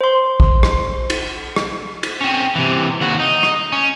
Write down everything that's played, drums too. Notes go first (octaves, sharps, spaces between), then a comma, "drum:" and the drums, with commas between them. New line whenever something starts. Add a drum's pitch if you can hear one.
C5 C6
drum: kick
drum: rim click
drum: cymbal
drum: rim click
drum: cymbal
C4 C#4
C3 E3
D#2 F#4
D#4
drum: rim click
C#4